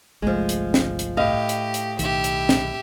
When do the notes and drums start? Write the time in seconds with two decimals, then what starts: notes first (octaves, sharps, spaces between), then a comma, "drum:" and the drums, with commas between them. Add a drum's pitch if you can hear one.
0.22 G1 C2 F3 G#3 A3
0.49 drum: hi-hat
0.74 drum: snare
0.99 drum: hi-hat
1.17 A2 G4 D#5 F5
1.49 drum: hi-hat
1.74 drum: hi-hat
1.99 B1 D#3 G4 E5, drum: hi-hat
2.24 drum: hi-hat
2.49 drum: snare